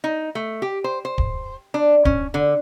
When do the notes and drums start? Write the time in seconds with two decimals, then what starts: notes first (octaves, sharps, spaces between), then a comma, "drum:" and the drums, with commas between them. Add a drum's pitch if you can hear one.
0.04 D#4
0.35 A3
0.62 G4
0.84 C5
1.05 C5
1.18 drum: kick
1.74 D4
2.05 C#4, drum: kick
2.34 D3